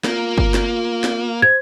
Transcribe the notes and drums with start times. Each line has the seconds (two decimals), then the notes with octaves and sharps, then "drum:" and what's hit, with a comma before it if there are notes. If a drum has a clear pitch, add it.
0.04 A#3 F4, drum: snare
0.38 drum: kick G1
0.54 drum: snare
1.04 drum: snare
1.42 C5 G#6